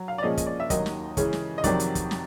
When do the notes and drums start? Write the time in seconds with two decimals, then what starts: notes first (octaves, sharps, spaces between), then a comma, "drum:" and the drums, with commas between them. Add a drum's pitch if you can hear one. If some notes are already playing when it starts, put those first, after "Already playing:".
Already playing: F#3
0.08 F5
0.18 D5
0.23 A#2 F3 G#3 C#4 D#5
0.37 D#5, drum: kick, hi-hat
0.47 D5
0.60 E5
0.70 D#2 D#3 F#3 D#5, drum: kick, hi-hat
0.86 drum: snare
1.17 C#3 E3 G#3 C#4, drum: kick, hi-hat
1.33 drum: snare
1.58 D#5
1.64 F2 C3 D#3 F#3 D5, drum: kick, hi-hat
1.80 drum: hi-hat
1.95 drum: kick, hi-hat
2.11 drum: snare